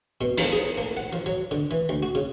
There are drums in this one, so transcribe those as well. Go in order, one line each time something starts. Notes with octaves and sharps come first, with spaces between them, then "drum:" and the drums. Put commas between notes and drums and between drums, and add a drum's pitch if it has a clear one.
B2
F3, drum: hi-hat
G#4
A#3
F#5
F3
F#3
D3
E3
D2
F#4
C#3